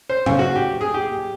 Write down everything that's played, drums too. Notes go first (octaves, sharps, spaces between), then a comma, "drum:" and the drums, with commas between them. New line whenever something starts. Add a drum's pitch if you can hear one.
C5
C#3, drum: tom A2
F#4
G4
G#4
G4